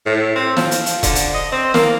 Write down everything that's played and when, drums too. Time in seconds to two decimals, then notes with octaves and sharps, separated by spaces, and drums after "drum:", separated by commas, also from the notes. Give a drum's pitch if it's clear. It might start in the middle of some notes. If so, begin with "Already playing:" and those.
0.06 A2
0.36 C4
0.57 F3, drum: snare
0.71 drum: hi-hat
0.86 drum: hi-hat
1.03 D3, drum: kick E1, hi-hat
1.15 drum: hi-hat
1.34 D#5
1.52 C4
1.74 A#3, drum: snare